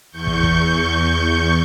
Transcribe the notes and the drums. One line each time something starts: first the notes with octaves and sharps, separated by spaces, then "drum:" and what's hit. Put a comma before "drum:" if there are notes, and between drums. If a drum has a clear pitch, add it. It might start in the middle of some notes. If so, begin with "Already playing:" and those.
E2 C#6 G6
drum: kick
drum: kick